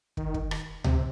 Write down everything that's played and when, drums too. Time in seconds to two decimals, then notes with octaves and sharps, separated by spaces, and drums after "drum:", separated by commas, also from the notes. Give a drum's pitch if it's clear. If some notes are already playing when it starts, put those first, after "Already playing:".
0.17 D#3, drum: kick
0.34 drum: kick
0.51 drum: rim click
0.84 C3, drum: tom C#2